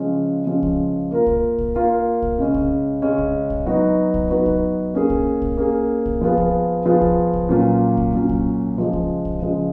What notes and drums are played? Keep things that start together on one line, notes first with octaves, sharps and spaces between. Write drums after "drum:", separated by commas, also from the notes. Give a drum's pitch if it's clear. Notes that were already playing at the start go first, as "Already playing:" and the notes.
Already playing: C#3 F3 G#3 C#4
C#3 F3 G#3 C#4
drum: kick
A#3 F4 A#4
drum: kick
drum: kick
A#3 F4 A#4
drum: kick
C#3 G#3 C#4
drum: kick
C#3 G#3 C#4
drum: kick
drum: kick
F#3 B3 D#4 F#4 B4
drum: kick
F#3 B3 D#4 F#4 B4
drum: kick
A#3 C#4 G#4
drum: kick
drum: kick
A#3 C#4 G#4
drum: kick
F3 B3 F4 G#4 B4
drum: kick
F3 B3 F4 G#4 B4
drum: kick
drum: kick
A#2 F#3 C#4 F4
drum: kick
A#2 F#3 C#4 F4
drum: kick
C#3 F3 G#3
drum: kick
drum: kick
C#3 F3 G#3